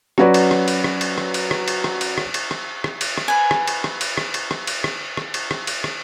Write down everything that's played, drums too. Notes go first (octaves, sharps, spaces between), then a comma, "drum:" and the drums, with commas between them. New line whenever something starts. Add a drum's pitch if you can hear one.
F#3 C#4 F#4 B4 D5, drum: rim click
drum: cymbal
drum: rim click
drum: cymbal
drum: rim click
drum: cymbal
drum: rim click
drum: cymbal
drum: rim click
drum: cymbal
drum: rim click
drum: cymbal
drum: rim click
drum: cymbal
drum: rim click
drum: rim click
drum: cymbal
drum: rim click
B4 G#5
drum: rim click
drum: cymbal
drum: rim click
drum: cymbal
drum: rim click
drum: cymbal
drum: rim click
drum: cymbal
drum: rim click
drum: rim click
drum: cymbal
drum: rim click
drum: cymbal
drum: rim click